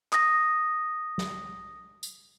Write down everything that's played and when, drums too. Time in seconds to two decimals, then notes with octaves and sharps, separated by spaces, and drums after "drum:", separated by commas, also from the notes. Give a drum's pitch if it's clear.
0.13 D#6 A#6, drum: clap
1.18 drum: snare
2.03 drum: tambourine